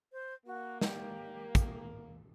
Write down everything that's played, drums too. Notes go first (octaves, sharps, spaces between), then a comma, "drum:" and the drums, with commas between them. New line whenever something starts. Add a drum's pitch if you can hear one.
C5
A#3 F#4
G4, drum: snare
drum: kick, hi-hat